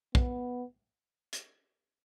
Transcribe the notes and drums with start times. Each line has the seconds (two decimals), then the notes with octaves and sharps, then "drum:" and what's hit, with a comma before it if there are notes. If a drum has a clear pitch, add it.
0.15 B3, drum: kick
1.33 drum: hi-hat